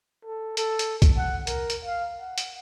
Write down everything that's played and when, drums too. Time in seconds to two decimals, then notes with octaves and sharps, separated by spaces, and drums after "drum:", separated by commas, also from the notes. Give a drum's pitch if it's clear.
0.24 A4
0.57 A4, drum: hi-hat
0.79 drum: hi-hat
1.02 drum: kick, hi-hat
1.17 F#5
1.47 A#4, drum: hi-hat
1.70 drum: hi-hat
1.85 F5
2.20 F#5
2.38 drum: hi-hat